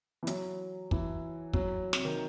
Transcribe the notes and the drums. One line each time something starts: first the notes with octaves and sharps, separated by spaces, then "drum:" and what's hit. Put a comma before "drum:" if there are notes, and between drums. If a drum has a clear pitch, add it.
E3
F#3, drum: hi-hat
E3, drum: kick
F#3, drum: kick
C3, drum: snare
D#3